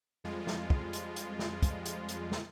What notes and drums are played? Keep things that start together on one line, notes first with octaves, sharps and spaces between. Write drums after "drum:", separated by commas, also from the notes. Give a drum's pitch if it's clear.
F2 F3 G3 G#3 F4
drum: snare
drum: kick
drum: hi-hat
drum: hi-hat
drum: snare
drum: kick, hi-hat
drum: hi-hat
drum: hi-hat
drum: snare